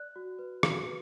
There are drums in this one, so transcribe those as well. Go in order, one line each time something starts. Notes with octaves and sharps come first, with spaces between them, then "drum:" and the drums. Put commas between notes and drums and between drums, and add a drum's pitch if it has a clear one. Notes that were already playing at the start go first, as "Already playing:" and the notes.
Already playing: D5 F#6
F#4
B4
F#4, drum: rim click
B4